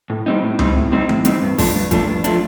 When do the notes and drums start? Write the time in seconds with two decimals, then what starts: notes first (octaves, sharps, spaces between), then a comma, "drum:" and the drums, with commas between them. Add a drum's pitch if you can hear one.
0.10 A2
0.26 G3 C4 D#4
0.43 A2
0.59 G3 C4 D#4, drum: tom C#2
0.76 A2
0.92 G3 C4 D#4
1.09 A2, drum: tom E3
1.25 G3 C4 D#4, drum: hi-hat
1.42 G2
1.58 F3 A3 D4, drum: kick, open hi-hat
1.75 G2
1.91 F3 A3 D4, drum: kick, hi-hat
2.08 G2
2.24 F3 A3 D4, drum: hi-hat